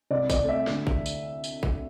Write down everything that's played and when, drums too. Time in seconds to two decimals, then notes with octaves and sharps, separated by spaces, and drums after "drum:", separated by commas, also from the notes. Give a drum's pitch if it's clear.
0.11 C2 D5
0.30 D5, drum: kick, tambourine
0.39 C3 A3
0.49 E5
0.67 D2, drum: snare
0.87 drum: kick
1.06 drum: tambourine
1.44 drum: tambourine
1.63 drum: kick